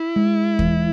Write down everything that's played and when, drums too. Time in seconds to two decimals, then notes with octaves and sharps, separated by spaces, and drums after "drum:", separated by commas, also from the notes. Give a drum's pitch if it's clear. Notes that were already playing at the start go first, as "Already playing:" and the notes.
Already playing: E4
0.16 G#3
0.59 E3, drum: kick